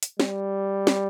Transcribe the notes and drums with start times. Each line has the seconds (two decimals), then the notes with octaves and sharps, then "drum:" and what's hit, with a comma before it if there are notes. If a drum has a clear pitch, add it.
0.03 drum: hi-hat
0.20 G3, drum: snare
0.87 drum: snare